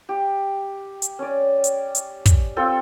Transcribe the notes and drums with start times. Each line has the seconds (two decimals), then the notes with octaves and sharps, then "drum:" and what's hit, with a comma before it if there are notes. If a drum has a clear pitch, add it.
0.09 G4
1.02 drum: hi-hat
1.19 C#4 D5
1.64 drum: hi-hat
1.95 drum: hi-hat
2.26 drum: kick, hi-hat
2.56 C4 F4 A4 G5